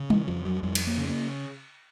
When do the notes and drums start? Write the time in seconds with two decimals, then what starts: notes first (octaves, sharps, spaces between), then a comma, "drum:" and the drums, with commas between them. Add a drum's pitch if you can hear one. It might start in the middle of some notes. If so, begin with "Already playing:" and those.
Already playing: C#3
0.10 E3, drum: tom G3
0.28 F2 F3
0.45 F#3
0.63 F2 G3
0.75 drum: cymbal
0.87 A#3
0.98 C#3
1.09 A#3